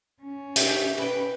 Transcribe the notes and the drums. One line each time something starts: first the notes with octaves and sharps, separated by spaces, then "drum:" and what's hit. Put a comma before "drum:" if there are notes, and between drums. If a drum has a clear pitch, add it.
C#4
G4 E5 G5, drum: hi-hat
B4 G5